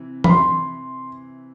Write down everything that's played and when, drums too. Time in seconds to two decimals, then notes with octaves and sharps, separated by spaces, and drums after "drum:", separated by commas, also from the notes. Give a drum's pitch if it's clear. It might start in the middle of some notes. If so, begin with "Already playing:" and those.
Already playing: C3 E3
0.24 B5, drum: tom E3
0.29 C6